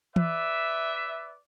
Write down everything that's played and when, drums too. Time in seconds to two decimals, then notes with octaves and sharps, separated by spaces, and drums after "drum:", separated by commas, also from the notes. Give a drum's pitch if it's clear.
0.16 B4 D5 E5, drum: tom